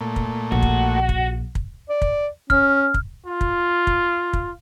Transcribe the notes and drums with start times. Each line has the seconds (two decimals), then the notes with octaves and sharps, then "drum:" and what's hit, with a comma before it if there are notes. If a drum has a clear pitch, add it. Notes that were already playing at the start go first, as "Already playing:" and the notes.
0.01 A#2 A3
0.16 drum: kick
0.52 A#1 F#4
0.62 drum: kick
1.09 drum: kick
1.55 drum: kick
1.89 D5
2.02 drum: kick
2.50 C#4 F6, drum: kick
2.94 drum: kick
3.26 F4
3.41 drum: kick
3.87 drum: kick
4.33 drum: kick